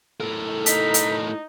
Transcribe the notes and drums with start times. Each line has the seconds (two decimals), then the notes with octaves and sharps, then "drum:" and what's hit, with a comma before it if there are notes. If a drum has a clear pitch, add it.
0.20 A2 A4 A#4
0.66 D#4 B6, drum: hi-hat
0.94 drum: hi-hat